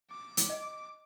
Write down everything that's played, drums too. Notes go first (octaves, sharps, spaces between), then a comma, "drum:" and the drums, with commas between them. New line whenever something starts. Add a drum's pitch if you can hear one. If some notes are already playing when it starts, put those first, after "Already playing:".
D6
drum: hi-hat
D#5